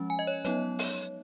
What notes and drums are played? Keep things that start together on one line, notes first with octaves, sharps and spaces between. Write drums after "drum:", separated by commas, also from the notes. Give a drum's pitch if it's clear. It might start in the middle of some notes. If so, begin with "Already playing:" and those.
Already playing: F3 G#3 C#4
G#5
D#5
C#5
F#3 B3 D#4 C#5, drum: hi-hat
drum: open hi-hat